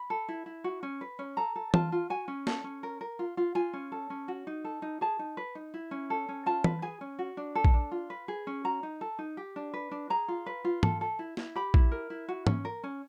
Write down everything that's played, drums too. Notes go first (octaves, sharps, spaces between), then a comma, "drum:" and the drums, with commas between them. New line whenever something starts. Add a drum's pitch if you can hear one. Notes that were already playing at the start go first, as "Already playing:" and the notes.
Already playing: B5
A4
E4
E4
F#4
C#4
B4
C#4
A4 A#5
A4
F4 A5, drum: tom
F4
F#4 G#5
C#4
A4, drum: snare
C#4
A#4
A#4
F4
F4
F4 G#5
C#4
A4
C#4
F#4
D#4
A4
D#4
G#4 A5
D#4
B4
D#4
E4
C#4
A4
C#4
F4 A5
B4, drum: tom
G#4 G#5
C#4
F#4
D4
A4
drum: kick A#1
D4
F4
B4
G#4
C#4
F#4 A#5
D#4
A4
D#4
G4
D4
B4
D4
G#4 A#5
F4
B4
F4
A4, drum: tom
A4
E4
E4, drum: snare
G4 B5
E4, drum: kick A#1
A#4
E4
F#4
C#4, drum: tom
A#4
C#4